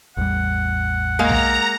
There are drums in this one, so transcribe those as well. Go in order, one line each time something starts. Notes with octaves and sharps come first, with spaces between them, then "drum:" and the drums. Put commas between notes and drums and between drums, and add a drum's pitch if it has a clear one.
A1 E2 G3 F#5
G#3 A#3 F5 A#5
drum: tom B1